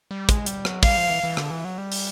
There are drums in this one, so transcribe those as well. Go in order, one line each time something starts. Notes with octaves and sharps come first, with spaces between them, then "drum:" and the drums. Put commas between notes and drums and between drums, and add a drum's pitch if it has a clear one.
G3
G#3, drum: kick, hi-hat
G3, drum: hi-hat
F#3, drum: rim click
G3 F5, drum: kick, open hi-hat
F3
E3
E3
D3, drum: rim click
E3
F#3
G3
drum: open hi-hat